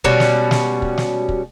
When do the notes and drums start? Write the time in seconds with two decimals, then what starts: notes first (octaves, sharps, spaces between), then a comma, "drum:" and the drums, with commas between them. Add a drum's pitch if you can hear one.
0.04 B2 G3 C#4 F#4, drum: kick
0.20 drum: snare
0.51 drum: snare
0.82 drum: kick
0.98 drum: snare
1.29 drum: kick